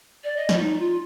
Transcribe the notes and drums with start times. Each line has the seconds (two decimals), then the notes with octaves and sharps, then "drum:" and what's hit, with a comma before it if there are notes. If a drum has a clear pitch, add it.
0.24 D5
0.36 D#5
0.49 D5, drum: snare
0.56 F4
0.60 D#4
0.79 F4